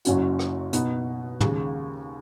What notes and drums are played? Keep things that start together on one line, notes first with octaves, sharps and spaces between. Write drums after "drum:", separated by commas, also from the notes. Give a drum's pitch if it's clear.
F#1 F#2 F#3 C#4 F#4, drum: hi-hat
drum: rim click
B2 B3 D#4, drum: hi-hat
D#2 C#3 G#3, drum: tom